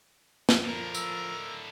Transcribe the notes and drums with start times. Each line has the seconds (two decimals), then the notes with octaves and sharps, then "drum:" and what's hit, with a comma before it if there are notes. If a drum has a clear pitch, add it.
0.49 drum: snare
0.65 A2 D3 F3 A#4
0.95 E6, drum: tambourine